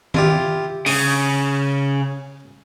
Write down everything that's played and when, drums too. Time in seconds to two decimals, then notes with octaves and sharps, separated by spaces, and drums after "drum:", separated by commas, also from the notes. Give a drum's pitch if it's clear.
0.14 E4 F4 G4, drum: tom D#3
0.86 C#3 D#6, drum: open hi-hat